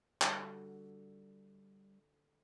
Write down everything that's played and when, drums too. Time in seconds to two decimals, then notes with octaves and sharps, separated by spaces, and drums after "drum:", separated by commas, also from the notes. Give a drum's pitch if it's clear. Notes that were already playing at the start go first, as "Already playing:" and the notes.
0.22 D3 G3 F#4, drum: clap